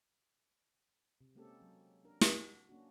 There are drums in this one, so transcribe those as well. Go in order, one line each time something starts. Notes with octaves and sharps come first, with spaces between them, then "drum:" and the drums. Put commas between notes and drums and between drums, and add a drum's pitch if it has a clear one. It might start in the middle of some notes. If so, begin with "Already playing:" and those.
C3
G#3 A#3 C4 C#4 G4 A4
F#3
D4 A#4
F#4, drum: snare
A#3 C#4 D4 F#4